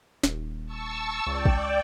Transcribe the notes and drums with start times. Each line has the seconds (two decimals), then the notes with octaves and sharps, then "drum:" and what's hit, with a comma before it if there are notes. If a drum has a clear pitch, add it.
0.23 D#1, drum: snare
0.66 A5 C#6 E6
1.27 C#2 D5 G5
1.45 drum: kick